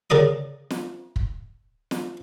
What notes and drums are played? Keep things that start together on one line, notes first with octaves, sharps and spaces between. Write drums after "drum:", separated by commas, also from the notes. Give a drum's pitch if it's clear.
C#3 A#4 D5 D#6
drum: snare
drum: kick
drum: snare